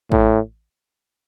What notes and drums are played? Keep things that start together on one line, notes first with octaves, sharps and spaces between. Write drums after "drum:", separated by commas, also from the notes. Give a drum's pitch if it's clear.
A2, drum: kick A1